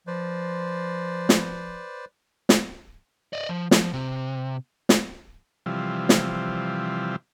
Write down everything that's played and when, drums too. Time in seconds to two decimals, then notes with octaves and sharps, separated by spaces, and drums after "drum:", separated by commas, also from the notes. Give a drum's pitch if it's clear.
0.07 F3 B4 C5 D5
1.29 drum: snare
2.49 drum: snare
3.33 D5 D#5
3.49 F3
3.71 F3, drum: snare
3.94 C3
4.89 drum: snare
5.66 C3 E3 F3 G3
6.09 drum: snare